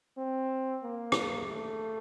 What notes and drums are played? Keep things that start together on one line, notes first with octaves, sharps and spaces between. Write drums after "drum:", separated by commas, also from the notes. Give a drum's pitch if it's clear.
C4
A#3
drum: rim click
A3